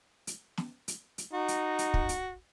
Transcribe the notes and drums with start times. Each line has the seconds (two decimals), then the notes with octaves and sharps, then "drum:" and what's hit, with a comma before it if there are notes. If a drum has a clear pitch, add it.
0.27 drum: hi-hat
0.57 drum: snare
0.88 drum: hi-hat
1.18 drum: hi-hat
1.33 D#4 F#4
1.48 drum: hi-hat
1.79 drum: hi-hat
1.94 drum: kick
2.09 drum: hi-hat